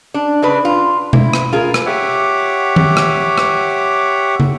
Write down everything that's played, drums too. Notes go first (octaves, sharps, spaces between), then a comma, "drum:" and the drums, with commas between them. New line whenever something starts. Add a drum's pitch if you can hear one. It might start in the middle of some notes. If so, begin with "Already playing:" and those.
D4
C#3 D4 B4
F4
E4, drum: tom B2
drum: rim click
F4 G#4 A#4
drum: rim click
G4 C#5 E5 F#5 D6
drum: tom D#3
drum: rim click
drum: rim click
drum: tom